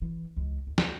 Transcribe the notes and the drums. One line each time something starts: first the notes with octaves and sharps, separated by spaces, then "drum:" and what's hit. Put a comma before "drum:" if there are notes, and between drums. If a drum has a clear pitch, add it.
E3
C#2 G#3
D#2
drum: snare